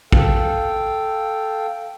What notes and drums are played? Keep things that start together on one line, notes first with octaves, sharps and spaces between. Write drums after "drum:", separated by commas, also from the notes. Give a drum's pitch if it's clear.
A4 F5 G5, drum: kick